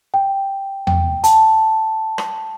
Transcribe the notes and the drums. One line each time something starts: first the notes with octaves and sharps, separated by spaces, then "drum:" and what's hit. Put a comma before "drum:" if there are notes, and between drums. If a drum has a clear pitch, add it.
G5
G5, drum: tom E2
A5, drum: hi-hat
drum: rim click